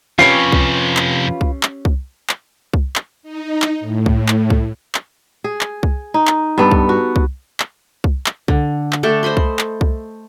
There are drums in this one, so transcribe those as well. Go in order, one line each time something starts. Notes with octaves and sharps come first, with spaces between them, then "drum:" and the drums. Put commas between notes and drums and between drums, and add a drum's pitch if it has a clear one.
F2 C3 C#4 F4 G4 B4 C#5 C7
drum: kick C2
drum: clap
drum: kick C2
drum: clap
drum: kick C2
drum: clap
drum: kick C2
drum: clap
D#4
drum: clap
A2
drum: kick C2
drum: clap
drum: kick C2
drum: clap
G#4
drum: clap
drum: kick C2
D#4
drum: clap
G2 B3 A4
drum: kick C2
F#4
drum: kick C2
drum: clap
drum: kick C2
drum: clap
D3, drum: kick C2
drum: clap
A3 D4 A4 G5
C5 D#5 B5 C6
drum: kick C2
drum: clap
drum: kick C2